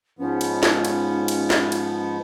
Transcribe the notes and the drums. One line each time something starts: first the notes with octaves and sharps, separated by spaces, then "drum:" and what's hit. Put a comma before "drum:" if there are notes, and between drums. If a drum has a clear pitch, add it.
G#2 F3 B3 C#4
drum: cymbal
drum: snare
drum: cymbal
drum: cymbal
drum: snare
drum: cymbal